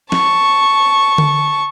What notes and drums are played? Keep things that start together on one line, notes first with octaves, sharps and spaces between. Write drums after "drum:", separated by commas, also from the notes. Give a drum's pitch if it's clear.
A5 C#6, drum: snare
drum: tom D3